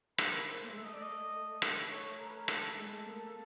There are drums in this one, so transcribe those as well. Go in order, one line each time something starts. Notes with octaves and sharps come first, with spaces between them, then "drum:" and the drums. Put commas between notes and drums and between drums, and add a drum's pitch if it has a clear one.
A#3 B4, drum: rim click
C5
A3
G#3
A3 E5
D#5
D5
D#5
drum: rim click
C#5
A#4
B4
A#4
A4, drum: rim click
G#3
A#3